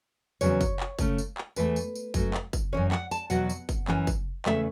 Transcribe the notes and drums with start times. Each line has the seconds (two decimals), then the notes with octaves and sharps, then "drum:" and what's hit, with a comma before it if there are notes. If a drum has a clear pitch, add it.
0.41 E2 C#3 F#3 B3 C#5, drum: tambourine
0.61 drum: kick, tambourine
0.80 drum: clap
0.99 C#3 A3 C#4, drum: kick, tambourine
1.18 drum: tambourine
1.38 drum: clap
1.56 E2 E3 A3 B4, drum: tambourine
1.76 drum: tambourine
1.95 drum: tambourine
2.14 F#2 F#3 A3, drum: kick, tambourine
2.34 drum: clap
2.53 drum: kick, tambourine
2.73 F#2 E3 C#4 C#5
2.92 F#5, drum: clap
3.11 A5, drum: tambourine
3.30 E2 B2 F#3 F#5, drum: tambourine
3.50 drum: tambourine
3.69 drum: kick, tambourine
3.88 F#2 E3 C#4, drum: clap
4.07 drum: kick, tambourine
4.46 E2 C#3 A3 E5, drum: clap